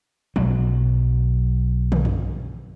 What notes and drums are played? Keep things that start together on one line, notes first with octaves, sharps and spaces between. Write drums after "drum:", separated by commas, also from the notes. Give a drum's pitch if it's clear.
B1 F#3, drum: tom
drum: tom
drum: tom